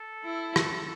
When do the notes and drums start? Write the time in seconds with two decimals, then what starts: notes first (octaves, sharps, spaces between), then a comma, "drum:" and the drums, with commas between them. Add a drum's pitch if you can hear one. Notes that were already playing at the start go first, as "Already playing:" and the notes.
Already playing: A4
0.24 E4
0.56 drum: rim click